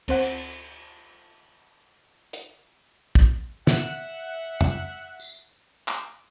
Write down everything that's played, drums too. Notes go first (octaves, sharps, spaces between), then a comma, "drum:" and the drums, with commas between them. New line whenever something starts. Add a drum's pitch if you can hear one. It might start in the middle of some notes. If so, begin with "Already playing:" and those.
D2 C4 C5 F#5, drum: cymbal
drum: hi-hat
drum: kick
E5 F#5, drum: snare
drum: tom
drum: tambourine
drum: clap